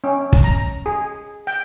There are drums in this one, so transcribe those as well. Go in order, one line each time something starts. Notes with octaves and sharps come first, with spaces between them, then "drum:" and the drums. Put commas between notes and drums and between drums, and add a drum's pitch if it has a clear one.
C#4
drum: kick
A#5
G#4
G5